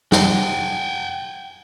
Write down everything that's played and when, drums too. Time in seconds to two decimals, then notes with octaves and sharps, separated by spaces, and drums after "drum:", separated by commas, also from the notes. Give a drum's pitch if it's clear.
0.12 F#5 G5, drum: snare